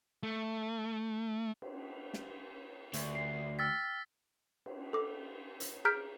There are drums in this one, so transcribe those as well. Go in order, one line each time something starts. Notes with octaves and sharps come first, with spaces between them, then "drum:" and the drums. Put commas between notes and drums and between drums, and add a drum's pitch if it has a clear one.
A3
drum: cymbal
drum: snare
D2, drum: hi-hat
C7
G5 E6 F6 A6 B6
drum: cymbal
A4 D6
drum: hi-hat
G#4 A#5 F6 G6 B6 D7